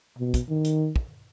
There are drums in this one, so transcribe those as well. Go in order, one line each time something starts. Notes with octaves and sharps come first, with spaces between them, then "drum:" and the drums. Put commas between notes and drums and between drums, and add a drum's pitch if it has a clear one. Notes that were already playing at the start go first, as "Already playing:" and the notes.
B2
drum: kick, hi-hat
D#3
drum: hi-hat
drum: kick